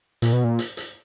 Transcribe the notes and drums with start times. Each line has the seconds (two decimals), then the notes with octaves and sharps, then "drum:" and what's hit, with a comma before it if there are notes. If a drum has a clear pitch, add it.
0.22 A#2, drum: hi-hat
0.33 B2
0.44 A#2
0.59 drum: hi-hat
0.77 drum: hi-hat